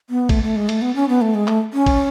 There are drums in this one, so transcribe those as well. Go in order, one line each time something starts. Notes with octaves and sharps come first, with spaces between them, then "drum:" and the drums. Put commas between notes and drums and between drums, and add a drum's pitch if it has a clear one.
B3
A3, drum: kick, cymbal
A3
G#3
A3, drum: cymbal
B3
C#4
B3
A3
G#3
A3, drum: clap
C#4
drum: kick, cymbal